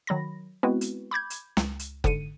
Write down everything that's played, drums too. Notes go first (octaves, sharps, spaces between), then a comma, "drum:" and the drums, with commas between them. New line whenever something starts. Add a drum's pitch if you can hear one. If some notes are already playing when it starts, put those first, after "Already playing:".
D#3 F#3 B5 A#6
G#3 B3 C4 E4 F#4 B4
drum: hi-hat
B5 D6 G6 G#6
drum: hi-hat
C#2, drum: snare
drum: hi-hat
G#2 D3 C#7 D#7, drum: kick F#1